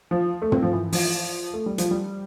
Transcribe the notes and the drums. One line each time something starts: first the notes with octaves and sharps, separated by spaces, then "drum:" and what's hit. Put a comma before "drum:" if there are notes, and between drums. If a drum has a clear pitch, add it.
F3
A3
C4, drum: tom
F3
E3
F3, drum: open hi-hat
A3
G3
F3, drum: hi-hat
G3